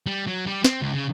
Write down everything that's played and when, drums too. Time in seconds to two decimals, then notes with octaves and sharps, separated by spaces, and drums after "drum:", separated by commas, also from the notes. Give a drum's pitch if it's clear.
0.06 G3
0.27 F#3
0.46 G3
0.65 C4, drum: snare
0.81 C#2
0.93 C#3